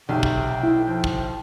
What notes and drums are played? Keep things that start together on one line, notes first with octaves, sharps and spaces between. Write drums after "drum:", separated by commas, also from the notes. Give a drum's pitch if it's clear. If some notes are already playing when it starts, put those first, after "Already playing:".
B1 C3 G5
drum: kick
E4
F3
drum: kick